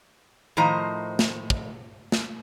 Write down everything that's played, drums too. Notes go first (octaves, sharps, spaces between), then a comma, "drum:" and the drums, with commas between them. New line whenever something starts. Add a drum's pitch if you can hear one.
A2 D#3 F3 C5 D#5 A#5
drum: snare
drum: kick
drum: snare